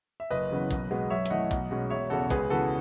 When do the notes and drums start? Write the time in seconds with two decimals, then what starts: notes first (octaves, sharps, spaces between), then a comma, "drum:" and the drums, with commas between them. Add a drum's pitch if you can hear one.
0.20 E5
0.30 F#1 B4 D#5
0.50 F#2 C#3 E3 B3
0.71 B1, drum: kick, hi-hat
0.91 B2 G#3 B3
1.10 F#2 C#5 E5
1.26 E5, drum: hi-hat
1.30 E3 A3 D#5 F#5
1.51 B1, drum: kick, hi-hat
1.71 B2 G#3 C#4
1.90 E1 C#5 E5
2.10 E2 C#3 F#4 A4
2.30 C#2 G#4 B4, drum: kick, hi-hat
2.50 C#3 E3 B3 F#4 A4